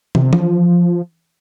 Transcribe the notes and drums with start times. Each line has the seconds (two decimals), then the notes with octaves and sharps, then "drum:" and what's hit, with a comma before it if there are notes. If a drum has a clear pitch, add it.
0.15 C3, drum: tom
0.33 F3, drum: tom E3